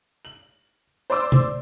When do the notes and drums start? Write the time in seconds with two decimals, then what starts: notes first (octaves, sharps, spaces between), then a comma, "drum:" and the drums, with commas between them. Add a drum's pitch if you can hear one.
0.25 F#7
1.10 C5 D5 C6 D6 E6
1.32 drum: tom